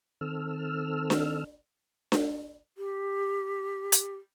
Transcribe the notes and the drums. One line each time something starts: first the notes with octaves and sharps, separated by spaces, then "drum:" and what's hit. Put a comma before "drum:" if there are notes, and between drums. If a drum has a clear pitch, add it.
D#3 C4 A4 E6 F6
drum: snare D4
drum: snare D4
G4
drum: hi-hat